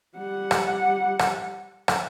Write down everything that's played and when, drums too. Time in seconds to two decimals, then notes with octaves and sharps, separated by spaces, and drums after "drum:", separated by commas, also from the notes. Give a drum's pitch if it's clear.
0.16 G3 F#5
0.51 drum: rim click
1.19 drum: rim click
1.88 drum: rim click